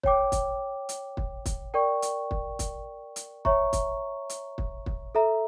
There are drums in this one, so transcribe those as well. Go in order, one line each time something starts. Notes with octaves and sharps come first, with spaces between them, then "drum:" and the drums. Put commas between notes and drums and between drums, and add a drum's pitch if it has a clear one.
C#5 G5 D6, drum: kick
drum: kick, hi-hat
drum: hi-hat
drum: kick
drum: kick, hi-hat
A#4 D5 G5 C#6
drum: hi-hat
drum: kick
drum: kick, hi-hat
drum: hi-hat
C#5 E5 A#5 C#6, drum: kick
drum: kick, hi-hat
drum: hi-hat
drum: kick
drum: kick
A4 E5 A#5